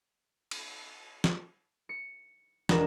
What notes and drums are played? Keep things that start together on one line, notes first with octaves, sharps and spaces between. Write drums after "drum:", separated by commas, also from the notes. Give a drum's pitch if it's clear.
drum: cymbal
drum: snare
C#7
E1 D4 A#4 E7, drum: snare